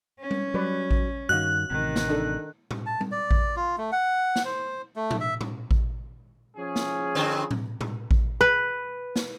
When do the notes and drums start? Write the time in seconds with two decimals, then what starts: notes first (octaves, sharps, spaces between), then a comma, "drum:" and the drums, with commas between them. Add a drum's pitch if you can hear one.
0.20 C#4
0.31 drum: tom G3
0.54 F#3 G3 B4 D5
0.91 drum: kick A1
1.29 G2 D#3 F#4 D#5 F5 F#6
1.71 A1 C3 D#3
1.96 drum: snare
2.08 D4 D#4 A4
2.71 drum: tom A2
2.86 A5
3.01 drum: tom G3
3.11 D5
3.31 drum: kick A1
3.56 F4
3.78 A3
3.92 F#5
4.36 drum: snare
4.45 C5
4.96 A3
5.11 drum: tom A2
5.21 E5
5.41 drum: tom A2
5.71 drum: kick A1
6.56 F3 C#4 G#4
6.76 drum: snare
7.15 G2 D3 C4
7.51 drum: tom A2
7.81 drum: tom A2
8.11 drum: kick A1
8.41 B4
9.16 drum: snare